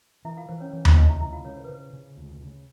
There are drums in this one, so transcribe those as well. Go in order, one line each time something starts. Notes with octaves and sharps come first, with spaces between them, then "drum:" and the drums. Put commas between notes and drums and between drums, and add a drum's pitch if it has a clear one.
E3 E4 E5
F4 F5
E3 C5
C#4 C#5
E3 C#4 C#5
D4 D5, drum: tom D#2
D2 D#4 D#5
E4 E5
C#3 E4 E5
F4 F5
C#3 C#4 C#5
C5
B4
C#3 C5
C#3
D2
C#3